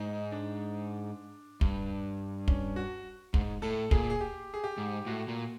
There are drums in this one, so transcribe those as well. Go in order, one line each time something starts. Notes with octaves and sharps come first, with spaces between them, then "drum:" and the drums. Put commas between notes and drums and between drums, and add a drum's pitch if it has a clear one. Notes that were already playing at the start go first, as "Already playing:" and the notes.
Already playing: G#2 D#4
D4
G2, drum: kick
C#4, drum: kick
F#4
G#2, drum: kick
A2 A4
A#2 G#4, drum: kick
G#4
G4
G#4
G4
G#2
A2 F#4
A#2